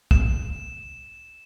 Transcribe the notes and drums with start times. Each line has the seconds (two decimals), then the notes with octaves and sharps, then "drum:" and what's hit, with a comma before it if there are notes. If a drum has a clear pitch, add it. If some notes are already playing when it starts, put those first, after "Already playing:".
0.11 E7, drum: kick